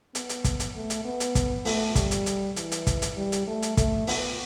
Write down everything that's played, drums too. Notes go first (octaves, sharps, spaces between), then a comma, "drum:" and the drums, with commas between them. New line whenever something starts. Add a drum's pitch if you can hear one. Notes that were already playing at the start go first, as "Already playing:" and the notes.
B3, drum: hi-hat
drum: hi-hat
drum: kick, hi-hat
drum: hi-hat
A3
drum: hi-hat
B3
drum: hi-hat
drum: kick, hi-hat
A3, drum: open hi-hat
G3, drum: kick, hi-hat
drum: hi-hat
drum: hi-hat
E3, drum: hi-hat
drum: hi-hat
drum: kick, hi-hat
drum: hi-hat
G3
drum: hi-hat
A3
drum: hi-hat
A3, drum: kick, hi-hat
B3, drum: open hi-hat